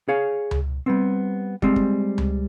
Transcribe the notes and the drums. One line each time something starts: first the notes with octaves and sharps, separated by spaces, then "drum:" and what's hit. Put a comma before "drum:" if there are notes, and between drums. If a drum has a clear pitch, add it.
G#4 C#5 F5
drum: tom C#2
G3 B3 C4
G3 G#3 C4, drum: kick
drum: kick
drum: tom C#2